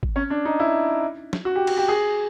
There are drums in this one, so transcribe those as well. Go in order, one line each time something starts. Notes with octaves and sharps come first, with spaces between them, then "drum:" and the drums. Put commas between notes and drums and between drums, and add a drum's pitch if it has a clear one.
drum: kick G#1
C#4
D4
D#4
E4
drum: snare
F#4
G4
G4, drum: cymbal
G4
G#4